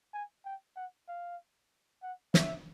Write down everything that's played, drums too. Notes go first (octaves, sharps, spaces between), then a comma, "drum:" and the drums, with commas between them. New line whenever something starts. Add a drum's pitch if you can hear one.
G#5
G5
F#5
F5
F#5
E5, drum: snare